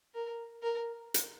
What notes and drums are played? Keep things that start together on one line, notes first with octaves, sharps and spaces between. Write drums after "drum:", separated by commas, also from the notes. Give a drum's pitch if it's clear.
A#4
A#4
drum: hi-hat